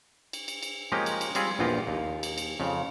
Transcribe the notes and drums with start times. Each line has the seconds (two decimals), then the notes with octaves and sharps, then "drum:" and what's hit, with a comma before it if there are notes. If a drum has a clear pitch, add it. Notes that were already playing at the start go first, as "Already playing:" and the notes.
0.33 drum: cymbal
0.48 drum: cymbal
0.63 drum: cymbal
0.92 F3 G#3 A#3 C#4 G4 D#5
1.06 drum: cymbal
1.21 drum: cymbal
1.35 G3 C4 F4 G#4, drum: cymbal
1.59 A#1 E2 E3 F4 G4 D#5
1.87 D#2
2.23 drum: cymbal
2.38 drum: cymbal
2.60 F2 C#3